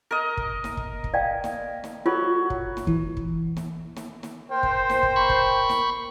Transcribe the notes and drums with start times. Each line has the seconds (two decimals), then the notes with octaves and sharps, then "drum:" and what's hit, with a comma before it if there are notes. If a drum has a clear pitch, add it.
0.11 A#4 D#5
0.37 drum: kick
0.64 drum: snare
0.77 drum: kick
1.04 drum: kick
1.14 D5 F5 G5
1.44 drum: snare
1.84 drum: snare
2.06 F#3 F4 A4
2.50 drum: kick
2.77 drum: snare
2.87 E3, drum: kick
3.17 drum: kick
3.57 drum: snare
3.96 drum: snare
4.23 drum: snare
4.51 A#4 C5 G5
4.63 drum: kick
4.90 drum: snare
5.03 drum: kick
5.16 B5 C#6
5.29 drum: kick
5.69 drum: snare